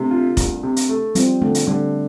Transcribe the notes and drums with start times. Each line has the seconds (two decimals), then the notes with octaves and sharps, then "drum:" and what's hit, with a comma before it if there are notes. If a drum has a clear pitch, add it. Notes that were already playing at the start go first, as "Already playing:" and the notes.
Already playing: C3 A3 D4
0.11 F4
0.37 C2, drum: kick F1, hi-hat
0.63 C3
0.76 drum: hi-hat
0.89 A3
1.15 F3 G3 C4, drum: hi-hat
1.42 D3 A3
1.55 drum: hi-hat
1.67 D3 G3